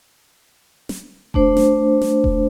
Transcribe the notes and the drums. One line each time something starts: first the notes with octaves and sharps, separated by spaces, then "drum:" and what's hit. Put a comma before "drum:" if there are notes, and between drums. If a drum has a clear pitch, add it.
drum: snare
A3 D4 C5, drum: kick E1
drum: snare
drum: snare
drum: kick E1